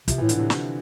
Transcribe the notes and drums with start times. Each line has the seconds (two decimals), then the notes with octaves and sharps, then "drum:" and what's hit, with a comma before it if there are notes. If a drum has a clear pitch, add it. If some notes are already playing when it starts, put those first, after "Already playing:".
0.08 C3 F3, drum: kick, hi-hat
0.18 A2 E3
0.29 D3, drum: hi-hat
0.36 A2 C3
0.50 drum: snare